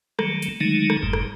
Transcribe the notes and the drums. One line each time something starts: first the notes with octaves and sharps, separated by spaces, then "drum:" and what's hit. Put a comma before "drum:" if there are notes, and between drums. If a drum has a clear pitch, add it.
D#3 F#3 G3 A3, drum: rim click
drum: hi-hat
D3 D#3 F#3 G#3 A3 D#4
drum: rim click
F#1 F2 G#2 G3
drum: rim click